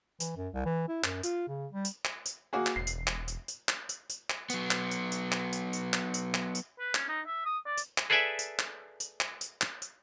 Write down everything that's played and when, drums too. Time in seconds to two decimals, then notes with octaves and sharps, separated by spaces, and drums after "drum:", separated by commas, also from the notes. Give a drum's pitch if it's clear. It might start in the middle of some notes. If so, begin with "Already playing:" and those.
0.20 E3, drum: tambourine
0.37 F#2
0.54 C2
0.65 E3
0.88 E4
1.04 F#2, drum: clap
1.23 F4, drum: tambourine
1.48 C#3
1.72 G3
1.85 drum: tambourine
2.05 drum: clap
2.26 drum: tambourine
2.53 A#3 F#4 G#4
2.67 drum: clap
2.76 E1 C7
2.87 drum: tambourine
3.07 drum: clap
3.28 drum: tambourine
3.48 drum: tambourine
3.69 drum: clap
3.89 drum: tambourine
4.10 drum: tambourine
4.30 drum: clap
4.50 F#3 B3, drum: tambourine
4.71 drum: clap
4.91 drum: tambourine
5.12 drum: tambourine
5.32 drum: clap
5.53 drum: tambourine
5.73 drum: tambourine
5.94 drum: clap
6.14 drum: tambourine
6.34 drum: clap
6.55 drum: tambourine
6.79 B4
6.95 C#4, drum: clap
7.08 D#4
7.26 E5
7.45 D#6
7.66 D5
7.78 drum: tambourine
7.98 drum: clap
8.10 G#4 A4 B4 D5 E5 G#5
8.39 drum: tambourine
8.59 drum: clap
9.00 drum: tambourine
9.21 drum: clap
9.41 drum: tambourine
9.62 drum: clap
9.82 drum: tambourine